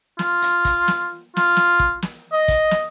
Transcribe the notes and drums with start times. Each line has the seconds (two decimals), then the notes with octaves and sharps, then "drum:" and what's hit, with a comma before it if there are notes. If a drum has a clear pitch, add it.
0.19 F4, drum: snare
0.42 drum: hi-hat
0.65 drum: kick, hi-hat
0.88 drum: snare
1.37 F4, drum: snare
1.57 drum: snare
1.80 drum: kick
2.02 drum: snare
2.33 D#5
2.48 drum: kick, hi-hat
2.71 drum: snare